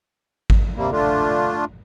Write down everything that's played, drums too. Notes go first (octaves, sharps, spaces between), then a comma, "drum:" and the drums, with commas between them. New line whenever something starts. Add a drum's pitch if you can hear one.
drum: kick G#1
C3 G3 A#3
D3 A3 D4 F4